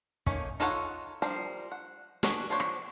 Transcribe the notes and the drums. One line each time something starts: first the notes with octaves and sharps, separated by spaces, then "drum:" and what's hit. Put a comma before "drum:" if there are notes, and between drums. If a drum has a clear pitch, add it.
A3 A#3 C#4 D#4, drum: kick
D#4 F4 A4 C#5 F#5, drum: hi-hat
F3 G3 D4 A#4 C5
F#5
D4 F#4 G#4 B4, drum: snare
F3 D4 C5 C#5
drum: rim click